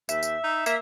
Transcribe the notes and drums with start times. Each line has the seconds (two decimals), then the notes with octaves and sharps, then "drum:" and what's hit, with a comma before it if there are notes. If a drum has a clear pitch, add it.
0.09 D#2 E5, drum: tambourine
0.23 drum: tambourine
0.44 D#4
0.66 A#3 E5, drum: tambourine